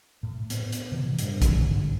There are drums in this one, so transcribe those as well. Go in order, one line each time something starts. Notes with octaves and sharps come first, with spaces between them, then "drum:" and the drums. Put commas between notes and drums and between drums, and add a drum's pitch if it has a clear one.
A2
B3, drum: hi-hat
drum: hi-hat
A2 C3 E3
G2, drum: hi-hat
drum: kick, hi-hat
G#2 D3